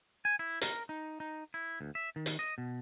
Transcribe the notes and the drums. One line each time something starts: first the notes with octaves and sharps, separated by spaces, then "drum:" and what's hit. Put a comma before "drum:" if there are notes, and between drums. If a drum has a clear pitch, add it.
G#5
E4
A#4, drum: hi-hat
D#4
D#4
E4
D2
E5
D#3
drum: hi-hat
D#5
B2